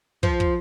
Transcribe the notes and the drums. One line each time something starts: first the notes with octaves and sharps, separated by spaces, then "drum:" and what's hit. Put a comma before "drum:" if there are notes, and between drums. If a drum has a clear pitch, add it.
F3, drum: kick
drum: kick